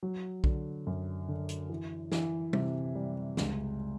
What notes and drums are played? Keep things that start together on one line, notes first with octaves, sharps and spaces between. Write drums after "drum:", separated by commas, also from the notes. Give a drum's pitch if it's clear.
F#3
D3, drum: kick B1
F#2
D3
drum: hi-hat
E3
E3, drum: snare
C3, drum: tom G3
G3
C#2, drum: snare